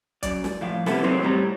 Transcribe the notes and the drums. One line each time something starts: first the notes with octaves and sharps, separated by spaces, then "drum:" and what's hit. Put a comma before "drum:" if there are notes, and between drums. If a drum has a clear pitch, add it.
F#2 D5, drum: kick, hi-hat
drum: snare
A2 F3 F5
C3 B3 E4 A4, drum: snare
F#2 E3 F#3 G#3 C4 D#4
A2 G3 A#5